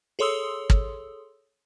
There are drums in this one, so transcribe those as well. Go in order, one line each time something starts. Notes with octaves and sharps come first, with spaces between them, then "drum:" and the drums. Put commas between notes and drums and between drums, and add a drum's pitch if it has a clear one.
G#4 A4 C#5 C6 D#6 E6
drum: kick